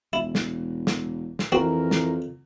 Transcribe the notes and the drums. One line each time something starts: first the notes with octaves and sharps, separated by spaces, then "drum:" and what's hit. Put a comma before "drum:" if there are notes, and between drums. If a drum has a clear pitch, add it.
E1 E4
drum: snare
drum: snare
drum: snare
F2 E3 C4 F#4 A#4
drum: snare